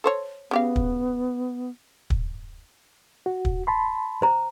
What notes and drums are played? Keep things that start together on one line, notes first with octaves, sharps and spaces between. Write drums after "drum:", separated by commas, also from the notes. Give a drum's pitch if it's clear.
A4 C5 C#5
C#3 B3 G4 F5
drum: kick
drum: kick
F#4
drum: kick
A5 B5 C6
C5 A#5